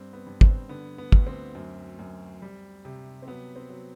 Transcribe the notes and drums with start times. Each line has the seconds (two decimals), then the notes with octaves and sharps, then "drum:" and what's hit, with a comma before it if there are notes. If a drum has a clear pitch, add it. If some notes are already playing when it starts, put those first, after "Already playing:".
Already playing: G2 C4
0.13 B3
0.27 G2
0.41 C4, drum: kick
0.69 D3 B3
0.98 B3
1.12 D2, drum: kick
1.27 C4
1.55 F#2
1.99 F#2
2.42 G3
2.85 C3
3.22 C4
3.27 F#3 B3
3.56 C4
3.70 F#3